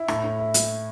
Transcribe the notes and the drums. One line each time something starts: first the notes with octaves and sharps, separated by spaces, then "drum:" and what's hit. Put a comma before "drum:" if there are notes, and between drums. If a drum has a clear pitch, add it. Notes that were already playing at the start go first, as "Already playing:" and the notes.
Already playing: E4
A2, drum: rim click
A2
E4
drum: hi-hat